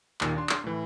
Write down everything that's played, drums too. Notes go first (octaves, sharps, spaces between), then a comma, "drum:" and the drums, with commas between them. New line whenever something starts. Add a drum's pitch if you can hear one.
D#2 A#2 D#3, drum: clap
D4 C6
drum: clap
A2 E3